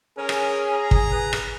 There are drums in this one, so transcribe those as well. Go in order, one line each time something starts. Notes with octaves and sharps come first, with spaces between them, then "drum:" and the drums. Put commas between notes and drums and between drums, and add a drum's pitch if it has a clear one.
C#4 G#4 A#4
drum: rim click
A#5
drum: kick
B4
drum: rim click